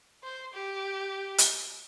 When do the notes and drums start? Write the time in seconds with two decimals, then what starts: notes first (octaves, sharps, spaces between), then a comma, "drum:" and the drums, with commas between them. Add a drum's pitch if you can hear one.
0.24 C5
0.54 G4
1.38 drum: hi-hat